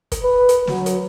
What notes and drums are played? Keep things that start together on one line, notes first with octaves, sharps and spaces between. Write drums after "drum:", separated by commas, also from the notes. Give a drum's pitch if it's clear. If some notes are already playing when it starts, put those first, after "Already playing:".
drum: kick, hi-hat
B4
drum: hi-hat
F#3, drum: snare
drum: hi-hat